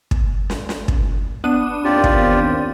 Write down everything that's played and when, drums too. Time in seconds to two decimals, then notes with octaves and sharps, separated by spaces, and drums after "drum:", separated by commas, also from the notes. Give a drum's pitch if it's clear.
0.11 drum: kick
0.50 drum: snare
0.69 drum: snare
0.88 drum: kick
1.44 B3 D4 D#7
1.84 D#2 C4 F4 G4 D5
2.04 drum: kick